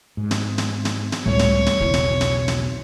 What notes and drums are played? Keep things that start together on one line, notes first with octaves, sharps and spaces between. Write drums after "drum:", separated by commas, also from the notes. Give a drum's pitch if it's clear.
G#2
drum: snare
drum: snare
drum: snare
drum: snare
C#2 A2 G3 A3 C#5
drum: snare
drum: snare
B1 E2 C#3 E4
drum: snare
drum: snare
drum: snare